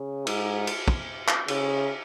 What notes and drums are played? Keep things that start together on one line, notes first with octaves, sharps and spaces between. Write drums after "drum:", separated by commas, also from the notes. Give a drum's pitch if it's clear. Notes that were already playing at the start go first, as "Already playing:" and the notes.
Already playing: C#3
G#2, drum: cymbal
drum: cymbal
drum: kick
drum: clap
C#3, drum: cymbal